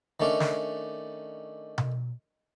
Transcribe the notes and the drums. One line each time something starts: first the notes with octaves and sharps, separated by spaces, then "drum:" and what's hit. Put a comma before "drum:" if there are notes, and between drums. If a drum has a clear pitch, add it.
D#3 A3 C#4 D4
drum: snare
drum: tom B2